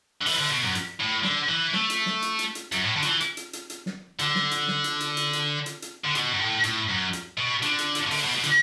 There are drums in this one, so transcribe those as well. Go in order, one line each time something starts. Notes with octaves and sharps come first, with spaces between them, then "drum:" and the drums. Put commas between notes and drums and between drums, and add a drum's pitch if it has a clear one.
D3
E3, drum: open hi-hat
D3
B2
F#2
drum: hi-hat
A2
D3, drum: snare
E3
A3, drum: snare
drum: hi-hat
drum: snare
drum: hi-hat
drum: hi-hat
drum: hi-hat
F#2, drum: hi-hat
A2
D3
F#3, drum: hi-hat
E3
drum: hi-hat
drum: hi-hat
drum: hi-hat
drum: hi-hat
drum: snare
D3, drum: hi-hat
drum: snare
drum: hi-hat
drum: snare
drum: hi-hat
drum: hi-hat
drum: hi-hat
drum: hi-hat
drum: hi-hat
drum: hi-hat
D3
B2, drum: hi-hat
F#2
A2
A2, drum: hi-hat
F#2
drum: hi-hat
B2
D3, drum: hi-hat
drum: hi-hat
drum: hi-hat
B2
D3, drum: open hi-hat
B2
B2
D3, drum: hi-hat